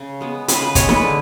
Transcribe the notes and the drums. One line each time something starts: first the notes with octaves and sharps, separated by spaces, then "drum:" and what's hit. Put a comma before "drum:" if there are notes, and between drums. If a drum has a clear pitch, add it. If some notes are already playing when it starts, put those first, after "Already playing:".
Already playing: C#3
G#3 B3
C#3 B4, drum: hi-hat
B4
G#3 B3 C#5, drum: kick, hi-hat
B4, drum: snare D#4
D3